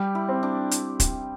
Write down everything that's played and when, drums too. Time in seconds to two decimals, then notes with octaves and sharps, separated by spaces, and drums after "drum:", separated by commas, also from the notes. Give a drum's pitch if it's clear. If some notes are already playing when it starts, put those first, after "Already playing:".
Already playing: G3 G4
0.15 E4
0.28 C4
0.43 D4
0.71 drum: hi-hat
1.00 drum: kick, hi-hat